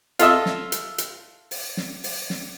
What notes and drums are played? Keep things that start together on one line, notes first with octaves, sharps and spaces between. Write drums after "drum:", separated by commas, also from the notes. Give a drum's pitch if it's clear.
F4 A4 D#5 E5, drum: hi-hat
drum: snare
drum: hi-hat
drum: hi-hat
drum: open hi-hat
drum: snare
drum: open hi-hat
drum: snare